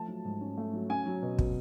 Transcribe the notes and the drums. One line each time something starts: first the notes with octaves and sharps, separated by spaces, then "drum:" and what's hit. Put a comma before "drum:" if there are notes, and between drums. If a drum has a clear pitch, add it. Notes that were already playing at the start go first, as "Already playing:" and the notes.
Already playing: F3 A3 A5
F#3
G#2
C#4
A3
F#3
C#4 G#5
F#3
B2
B2, drum: kick